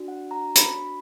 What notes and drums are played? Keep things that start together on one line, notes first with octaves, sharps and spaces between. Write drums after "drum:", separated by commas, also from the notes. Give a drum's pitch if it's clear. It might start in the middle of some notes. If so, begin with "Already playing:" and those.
Already playing: D4 F#4
F#5
A#5
B5, drum: hi-hat